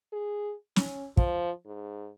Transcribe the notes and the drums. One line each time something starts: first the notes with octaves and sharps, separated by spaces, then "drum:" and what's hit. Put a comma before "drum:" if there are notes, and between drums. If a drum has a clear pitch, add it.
G#4
C#4, drum: snare
F3, drum: kick
G#2